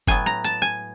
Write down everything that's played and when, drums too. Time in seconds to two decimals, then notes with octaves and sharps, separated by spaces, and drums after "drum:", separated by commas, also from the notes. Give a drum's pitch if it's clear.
0.07 A2 F#3 B3 G#5, drum: kick F#1
0.26 A#5
0.44 A5, drum: hi-hat
0.62 G#5